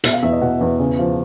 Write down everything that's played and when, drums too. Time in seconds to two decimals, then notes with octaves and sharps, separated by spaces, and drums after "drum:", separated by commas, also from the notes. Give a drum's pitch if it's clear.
0.04 B2 E5, drum: hi-hat
0.13 F5
0.23 E2 E5
0.32 D#5
0.42 B2 F#5
0.61 E2
0.79 C#3
0.99 F3